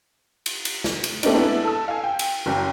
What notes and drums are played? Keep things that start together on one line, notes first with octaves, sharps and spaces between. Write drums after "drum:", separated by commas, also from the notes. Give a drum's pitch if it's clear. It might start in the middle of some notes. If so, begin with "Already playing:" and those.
drum: cymbal
drum: cymbal
drum: snare
drum: cymbal
A3 A#3 C4 D4 D#4, drum: cymbal
G#3 B3 D4 E4
A4 E6
F5 G#5
G5
drum: cymbal
F#1 F#2 G5